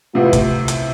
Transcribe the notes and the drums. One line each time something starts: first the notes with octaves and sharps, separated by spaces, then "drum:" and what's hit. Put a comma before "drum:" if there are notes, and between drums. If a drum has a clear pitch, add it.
A2 C3 E3 B3 F4
drum: kick, hi-hat
drum: hi-hat